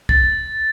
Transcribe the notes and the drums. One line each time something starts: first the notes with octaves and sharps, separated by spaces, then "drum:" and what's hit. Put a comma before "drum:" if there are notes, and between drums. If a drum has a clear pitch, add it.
A6, drum: kick